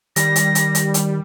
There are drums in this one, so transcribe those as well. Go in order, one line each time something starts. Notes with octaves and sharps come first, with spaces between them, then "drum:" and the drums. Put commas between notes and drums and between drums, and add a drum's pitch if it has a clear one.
D#3 G3 A#6, drum: hi-hat
drum: hi-hat
drum: hi-hat
drum: hi-hat
drum: hi-hat